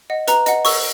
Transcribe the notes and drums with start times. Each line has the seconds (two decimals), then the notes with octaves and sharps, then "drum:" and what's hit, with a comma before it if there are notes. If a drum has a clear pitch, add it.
0.10 D#5 F#5
0.27 B4 A#5, drum: hi-hat
0.46 D#5 F#5, drum: hi-hat
0.65 A#4 C#6 E6, drum: open hi-hat